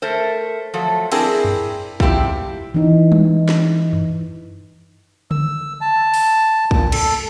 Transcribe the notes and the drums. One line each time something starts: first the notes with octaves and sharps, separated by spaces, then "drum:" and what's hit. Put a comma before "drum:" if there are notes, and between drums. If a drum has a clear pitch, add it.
A3 A#4 C5
F3 F#3 A3
C4 D4 E4 G#4 A#4, drum: cymbal
drum: tom F#2
F3 C4 E4 G4, drum: kick
E3 D#4
drum: tom G3
drum: snare
drum: tom F#2
E6, drum: tom C#3
A5
drum: open hi-hat
A#2, drum: kick
A4, drum: cymbal